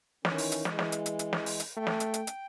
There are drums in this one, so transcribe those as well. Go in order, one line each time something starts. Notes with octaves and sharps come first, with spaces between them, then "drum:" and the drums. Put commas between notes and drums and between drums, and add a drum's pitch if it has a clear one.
D#3 E3 C#4, drum: snare
drum: open hi-hat
drum: hi-hat
E3 G#3, drum: snare
drum: snare
drum: hi-hat
drum: hi-hat
drum: hi-hat
drum: snare
drum: open hi-hat
drum: hi-hat
A3 G5
drum: snare
drum: hi-hat
drum: hi-hat
drum: hi-hat